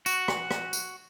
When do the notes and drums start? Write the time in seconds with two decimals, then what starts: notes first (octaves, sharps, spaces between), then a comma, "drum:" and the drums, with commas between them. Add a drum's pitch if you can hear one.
0.06 F#4, drum: tambourine
0.28 drum: rim click
0.51 drum: rim click
0.73 drum: tambourine